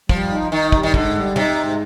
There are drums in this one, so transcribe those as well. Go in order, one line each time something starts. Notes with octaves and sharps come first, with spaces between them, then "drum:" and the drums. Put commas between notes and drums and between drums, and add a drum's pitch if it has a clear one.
F3 G3, drum: kick
D#4
D#3 D#4
G3, drum: kick
D#3
G#2 D3, drum: kick
G3
C3 D#4, drum: tom
G#2